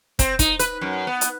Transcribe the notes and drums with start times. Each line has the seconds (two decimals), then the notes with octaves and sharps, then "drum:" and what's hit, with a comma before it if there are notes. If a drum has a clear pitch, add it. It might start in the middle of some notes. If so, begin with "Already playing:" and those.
0.19 C4, drum: kick, hi-hat
0.39 D#4, drum: kick, hi-hat
0.59 B4, drum: hi-hat
0.81 F#2
1.07 B3
1.21 drum: hi-hat